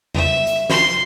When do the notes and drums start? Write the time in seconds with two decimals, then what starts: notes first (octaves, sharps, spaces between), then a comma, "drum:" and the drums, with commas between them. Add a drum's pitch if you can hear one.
0.15 E5, drum: tom E2
0.47 drum: hi-hat
0.70 C6, drum: snare